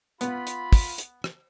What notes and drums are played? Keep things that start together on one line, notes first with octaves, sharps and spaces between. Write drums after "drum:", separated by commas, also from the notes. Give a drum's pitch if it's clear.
B3 F4 B5, drum: hi-hat
drum: hi-hat
drum: kick, open hi-hat
drum: hi-hat
drum: rim click